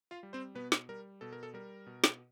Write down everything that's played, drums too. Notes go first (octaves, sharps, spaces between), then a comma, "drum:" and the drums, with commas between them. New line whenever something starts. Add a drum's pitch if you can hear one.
F4 F5
G3
C4 C5
B2 B3 B4
drum: snare
G3 A#4
B2 A4
A#4
A4
G3 A#4
B2
drum: snare